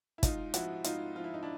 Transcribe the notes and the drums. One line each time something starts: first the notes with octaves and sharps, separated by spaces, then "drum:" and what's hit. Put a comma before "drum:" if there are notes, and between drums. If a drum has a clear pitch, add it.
E4
G#2 D#4 F4, drum: kick, hi-hat
F3 E4 F#4, drum: hi-hat
G#2 D#4 F4, drum: hi-hat
F3 F4
E4
D#4
D4 E4